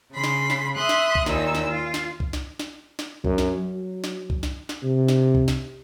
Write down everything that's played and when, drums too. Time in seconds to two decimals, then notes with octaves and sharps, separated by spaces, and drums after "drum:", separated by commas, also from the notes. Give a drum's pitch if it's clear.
0.14 C#3 B5 C6
0.24 drum: snare
0.50 drum: snare
0.76 E5 C6 D#6 F#6
0.89 drum: snare
1.15 drum: kick B1
1.26 D#2 A#2 D#4 E6, drum: snare
1.55 drum: snare
1.68 F4
1.94 drum: snare
2.20 drum: kick B1
2.33 drum: snare
2.59 drum: snare
2.99 drum: snare
3.25 F#2, drum: kick B1
3.38 drum: snare
3.58 F#3
4.04 drum: snare
4.30 drum: kick B1
4.43 drum: snare
4.69 drum: snare
4.83 C3
5.08 drum: snare
5.35 drum: kick B1
5.48 drum: snare